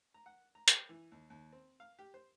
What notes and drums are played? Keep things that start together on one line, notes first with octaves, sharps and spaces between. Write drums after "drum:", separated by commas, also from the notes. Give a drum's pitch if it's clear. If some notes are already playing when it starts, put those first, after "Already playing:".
A#5
F#5
A#5
G5, drum: hi-hat
E3
D#2
D#2
C4
F5
G4
C5